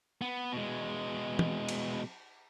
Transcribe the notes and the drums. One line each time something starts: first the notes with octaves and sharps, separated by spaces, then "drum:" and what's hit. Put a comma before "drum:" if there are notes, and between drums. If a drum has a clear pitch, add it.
B3
B2 G#3
drum: tom
drum: cymbal